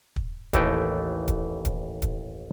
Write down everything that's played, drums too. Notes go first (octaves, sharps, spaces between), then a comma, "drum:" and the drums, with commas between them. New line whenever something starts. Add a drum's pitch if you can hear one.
drum: kick
A1 D#2 E3 A3 D#4 G5, drum: kick, hi-hat
drum: kick, hi-hat
drum: kick, hi-hat
drum: kick, hi-hat